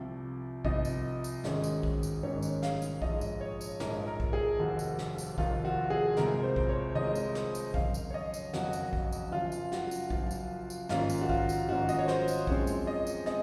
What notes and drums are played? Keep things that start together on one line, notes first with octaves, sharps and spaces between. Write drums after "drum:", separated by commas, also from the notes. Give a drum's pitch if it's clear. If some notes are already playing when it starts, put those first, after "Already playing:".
Already playing: C2 C3 F3
C2 C3 F3 D#5, drum: kick A#1
drum: tambourine
drum: tambourine
G#1 G#2 D#3 G#3 C#4, drum: snare
drum: tambourine
drum: kick A#1
drum: tambourine
G#1 G#2 D#3 G#3 C#4 C#5
drum: tambourine
F5, drum: snare
drum: tambourine
A#1 G#2 F3 G#3 D#5, drum: kick A#1
drum: tambourine
C#5
drum: tambourine
A#1 G#2 F3 G#3 A#4, drum: snare
A#4
drum: kick A#1
G#4
F1 D#2 D#3 F#4
drum: tambourine
drum: snare
drum: tambourine
F1 D#2 D#3 F4, drum: kick A#1
F#4
G#4
C2 C3 F3 G#3 A#4, drum: snare
C5
drum: kick A#1
C#5
C2 C3 F3 G#3 D#5
drum: tambourine
drum: snare
drum: tambourine
F#1 F2 D#3 F5, drum: kick A#1
drum: tambourine
C#5
D#5
drum: tambourine
F#1 F2 D#3 F#4, drum: snare
drum: tambourine
drum: kick A#1
drum: tambourine
F#1 F#2 F3 F4
drum: tambourine
F#4, drum: snare
drum: tambourine
F#1 F#2 F3, drum: kick A#1
drum: tambourine
drum: tambourine
G#1 G#2 F3 A#3 C#4 F4, drum: snare
drum: tambourine
F#4
F4, drum: kick A#1
drum: tambourine
G#1 G#2 F3 A#3 C#4 F#4
D#5, drum: tambourine
C#5
C5, drum: snare
drum: tambourine
F#2 F3 G#3 C4 C#5, drum: kick A#1
drum: tambourine
D#5
drum: tambourine
G#3 C4 D#5, drum: snare